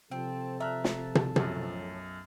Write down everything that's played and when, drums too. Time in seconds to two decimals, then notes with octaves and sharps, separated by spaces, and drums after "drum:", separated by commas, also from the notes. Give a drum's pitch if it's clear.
0.11 C3 F3 C4 A4 A5
0.60 E5 A#5 F6 F#6
0.84 drum: snare
1.15 drum: tom
1.36 B1 F#2 A2, drum: tom